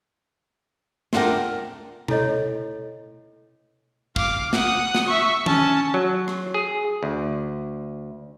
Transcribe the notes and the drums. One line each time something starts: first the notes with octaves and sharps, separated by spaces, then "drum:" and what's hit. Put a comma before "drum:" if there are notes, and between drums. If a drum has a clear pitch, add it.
A3 D4 F4 A#4 F#5 G5, drum: snare
E4 A4 C#5 D#5, drum: tom B2
F5 D6, drum: kick
F#5 D#6, drum: snare
drum: snare
E5 C#6
C#4 A5, drum: tom D#3
F#3
drum: rim click
G#4
D2